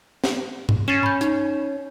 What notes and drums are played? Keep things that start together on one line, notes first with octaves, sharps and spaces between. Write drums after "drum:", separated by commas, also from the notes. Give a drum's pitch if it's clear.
drum: snare
drum: tom G2
C#4 A6 C7 E7
B5 G6
D#4, drum: hi-hat